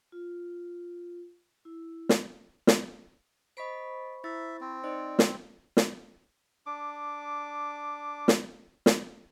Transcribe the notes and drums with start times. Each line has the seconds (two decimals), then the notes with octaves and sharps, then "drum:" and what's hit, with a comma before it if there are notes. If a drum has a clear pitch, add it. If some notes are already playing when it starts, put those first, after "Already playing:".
0.12 F4
1.65 E4
2.09 drum: snare
2.67 drum: snare
3.57 C5 D#5 B5 C#6 B6 D7
4.24 E4 E5 A6
4.61 C4
4.84 D#4 C5 D5 D#5
5.19 drum: snare
5.77 drum: snare
6.66 D4 D6
8.28 drum: snare
8.86 drum: snare